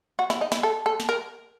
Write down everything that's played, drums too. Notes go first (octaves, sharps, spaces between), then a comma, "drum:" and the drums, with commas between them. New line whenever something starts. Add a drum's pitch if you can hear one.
F#4
E4, drum: snare
D#4
E4, drum: snare
A4
A4
drum: snare
A#4